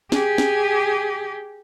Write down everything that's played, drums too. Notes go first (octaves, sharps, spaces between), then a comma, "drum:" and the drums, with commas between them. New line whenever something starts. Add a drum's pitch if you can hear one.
G4 G#4, drum: snare
drum: snare